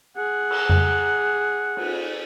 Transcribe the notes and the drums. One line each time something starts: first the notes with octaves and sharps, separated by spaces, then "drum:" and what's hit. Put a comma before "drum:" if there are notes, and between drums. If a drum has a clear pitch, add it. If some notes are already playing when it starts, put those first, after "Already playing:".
G#4 F#5
drum: cymbal
drum: tom F2
drum: cymbal